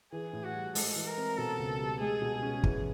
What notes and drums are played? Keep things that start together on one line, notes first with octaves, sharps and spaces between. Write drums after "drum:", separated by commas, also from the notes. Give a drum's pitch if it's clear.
E3 G#4
A2
F#4
G3
G#3 A4, drum: open hi-hat
E3
A#4
C4
B2 A4
C#2
G3
G#3 G#4
B2
C#4
E3, drum: kick